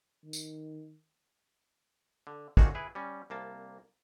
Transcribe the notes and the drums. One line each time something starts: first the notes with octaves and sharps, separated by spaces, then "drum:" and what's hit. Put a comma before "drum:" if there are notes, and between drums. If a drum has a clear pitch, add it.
D#3
drum: tambourine
D3
A#2 D3 D#3 D#4 F#4 G#4, drum: kick
E4 G#4 B4
G3 C#4
C2 A#3 A5